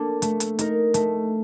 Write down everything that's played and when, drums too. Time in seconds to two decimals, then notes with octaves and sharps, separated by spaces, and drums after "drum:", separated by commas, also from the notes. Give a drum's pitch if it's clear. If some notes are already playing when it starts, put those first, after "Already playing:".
Already playing: A#3 D4 A4
0.22 A3, drum: hi-hat
0.40 drum: hi-hat
0.59 D#4 A#4, drum: hi-hat
0.94 A3, drum: hi-hat